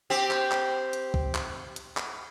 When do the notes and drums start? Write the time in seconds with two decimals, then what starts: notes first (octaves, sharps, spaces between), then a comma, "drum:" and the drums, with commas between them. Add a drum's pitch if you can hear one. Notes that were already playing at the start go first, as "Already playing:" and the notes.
0.10 C4 G4
0.31 drum: clap
0.52 drum: clap
0.93 drum: hi-hat
1.14 drum: kick
1.35 drum: clap
1.76 drum: hi-hat
1.97 drum: clap